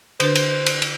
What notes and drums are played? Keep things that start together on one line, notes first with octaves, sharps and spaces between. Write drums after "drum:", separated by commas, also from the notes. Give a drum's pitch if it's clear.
D3 D4 B4 C5, drum: cymbal
drum: cymbal
drum: cymbal
drum: cymbal